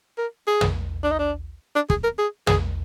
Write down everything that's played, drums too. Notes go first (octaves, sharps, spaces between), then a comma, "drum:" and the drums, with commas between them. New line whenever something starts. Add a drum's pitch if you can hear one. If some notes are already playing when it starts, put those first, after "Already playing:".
A#4
G#4
drum: tom
D4
D#4
D4
D4
G#4, drum: kick
A#4
G#4
G#4, drum: tom